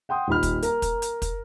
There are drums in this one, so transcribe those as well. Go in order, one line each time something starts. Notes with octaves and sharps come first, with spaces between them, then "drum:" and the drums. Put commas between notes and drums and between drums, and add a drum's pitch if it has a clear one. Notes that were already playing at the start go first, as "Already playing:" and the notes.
F#5 G5 C6 D#6
D#1 D#4 B5 F6
drum: kick, hi-hat
A#4 A#5, drum: hi-hat
drum: kick, hi-hat
drum: hi-hat
drum: kick, hi-hat